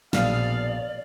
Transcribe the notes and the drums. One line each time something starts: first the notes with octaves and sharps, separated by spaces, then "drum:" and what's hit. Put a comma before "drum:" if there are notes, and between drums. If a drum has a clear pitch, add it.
A#1 B2 G#4 D5 F5, drum: snare